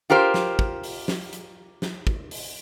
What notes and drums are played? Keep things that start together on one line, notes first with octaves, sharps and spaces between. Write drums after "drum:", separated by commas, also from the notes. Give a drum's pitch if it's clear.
F4 G4 A#4 C5
drum: snare
drum: kick
drum: open hi-hat
drum: snare
drum: hi-hat
drum: snare
drum: kick
drum: open hi-hat